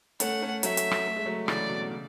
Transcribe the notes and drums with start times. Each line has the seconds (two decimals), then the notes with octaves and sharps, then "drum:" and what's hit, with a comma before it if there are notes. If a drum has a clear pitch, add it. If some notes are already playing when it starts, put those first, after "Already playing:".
0.20 A3 C#4 F#5, drum: hi-hat
0.42 A3 C#4
0.63 F#3 A3 E5, drum: hi-hat
0.77 drum: hi-hat
0.91 drum: rim click
1.06 A3
1.16 G#3
1.26 F#3 A3
1.48 C#3 E3 D5, drum: rim click
1.58 C#3
1.69 B2
1.80 B2
1.90 C#3